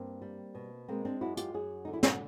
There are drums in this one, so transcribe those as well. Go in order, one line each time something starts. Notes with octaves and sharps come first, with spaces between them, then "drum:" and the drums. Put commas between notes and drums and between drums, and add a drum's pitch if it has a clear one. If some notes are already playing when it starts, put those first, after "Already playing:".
Already playing: G2 A#3 C4
G3
B2
G#3 A#3 C4
C4 D4
F#2 E4 F#4
F4 G4, drum: hi-hat
F#2 F#4 G#4
D3 D#4
E4
F4, drum: snare
F#4